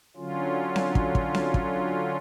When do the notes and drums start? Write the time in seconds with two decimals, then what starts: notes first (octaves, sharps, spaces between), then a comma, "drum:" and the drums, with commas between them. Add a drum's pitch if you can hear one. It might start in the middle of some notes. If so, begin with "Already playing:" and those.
0.17 D3 F#3 C#4 F4
0.76 drum: snare C4
0.95 drum: kick
1.15 drum: kick
1.34 drum: snare C4
1.54 drum: kick